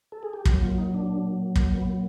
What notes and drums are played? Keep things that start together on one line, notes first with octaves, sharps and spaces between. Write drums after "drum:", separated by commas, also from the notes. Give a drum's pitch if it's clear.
A4
G#4
G4
A#2 F#3 F#4, drum: kick
F4
D#4
D4
drum: kick
B3